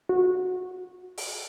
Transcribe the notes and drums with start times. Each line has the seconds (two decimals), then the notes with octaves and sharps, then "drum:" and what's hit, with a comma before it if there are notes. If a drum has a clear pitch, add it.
0.09 F#4
1.18 drum: open hi-hat